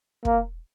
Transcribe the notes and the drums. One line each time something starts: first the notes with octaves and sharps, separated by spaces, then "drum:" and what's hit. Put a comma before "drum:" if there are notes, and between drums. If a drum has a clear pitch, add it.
A#3, drum: kick